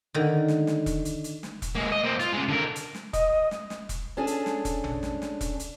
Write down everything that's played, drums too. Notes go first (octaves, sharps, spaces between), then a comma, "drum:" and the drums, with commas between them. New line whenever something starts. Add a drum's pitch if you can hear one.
D3 D#3
drum: snare
drum: snare
drum: kick E1, hi-hat
drum: hi-hat
drum: hi-hat
drum: snare
drum: kick E1, hi-hat
G#3 A#3
D#5
A#3 C4
F4, drum: snare
C#3 G#3
D3 A#4
drum: hi-hat
drum: snare
D#5, drum: kick E1, hi-hat
drum: snare
drum: snare
drum: kick E1, hi-hat
C#4 D4 G#4 A4
drum: hi-hat
drum: snare
drum: kick E1, hi-hat
drum: tom A1
drum: snare
drum: snare
drum: kick E1, hi-hat
drum: hi-hat